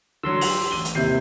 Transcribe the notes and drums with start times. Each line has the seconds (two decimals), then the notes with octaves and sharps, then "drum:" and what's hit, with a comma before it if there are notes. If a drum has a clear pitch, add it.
0.23 D3 F#3 C6 E6
0.41 G4 F7 F#7, drum: open hi-hat
0.71 A1 D#7 G7
0.85 drum: hi-hat
0.95 D#2 C3 E4 G6 C7